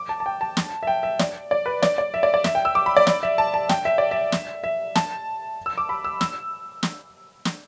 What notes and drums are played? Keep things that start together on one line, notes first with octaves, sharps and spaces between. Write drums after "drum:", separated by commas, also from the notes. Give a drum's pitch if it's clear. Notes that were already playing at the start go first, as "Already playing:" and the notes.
Already playing: D6
A5
A5
G5
A5
drum: snare
E5
G5
E5
D5, drum: snare
D5
B4
D5, drum: snare
D5
E5
D5
D5
E5, drum: snare
G5
E6
D6
B5
D5
D5, drum: snare
E5
A5
A5
G5, drum: snare
E5
D5
E5
drum: snare
E5
A5, drum: snare
E6
D6
B5
E6
E6, drum: snare
drum: snare
drum: snare